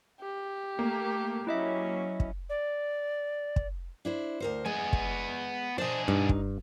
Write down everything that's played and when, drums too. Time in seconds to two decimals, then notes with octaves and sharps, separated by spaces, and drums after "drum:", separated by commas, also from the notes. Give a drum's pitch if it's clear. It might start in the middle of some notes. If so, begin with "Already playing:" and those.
0.21 G4
0.79 A3 A#3
1.47 F#3 C#4 E4 D#5 E5
2.20 drum: kick
2.49 D5
3.56 drum: kick
4.05 D4 E4 C5
4.40 D2 A#4 C5
4.66 G#3 B3 G#5
4.93 drum: kick
5.78 D4 G#4 C5 D#5
6.08 G2 D#4
6.29 drum: kick